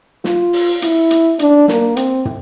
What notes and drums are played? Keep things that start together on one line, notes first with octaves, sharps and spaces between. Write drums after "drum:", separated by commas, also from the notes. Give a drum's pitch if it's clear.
F4, drum: snare
drum: open hi-hat
E4, drum: hi-hat
drum: hi-hat
D4, drum: hi-hat
A#3, drum: snare
C4, drum: hi-hat
drum: tom